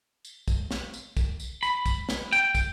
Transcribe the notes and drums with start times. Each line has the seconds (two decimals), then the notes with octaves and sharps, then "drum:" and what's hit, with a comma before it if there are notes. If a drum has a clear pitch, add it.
0.25 drum: tambourine
0.48 drum: kick, tambourine
0.71 drum: snare
0.94 drum: tambourine
1.17 drum: kick, tambourine
1.40 drum: tambourine
1.63 B5, drum: tambourine
1.86 drum: kick, tambourine
2.09 drum: snare
2.33 G5, drum: tambourine
2.55 drum: kick, tambourine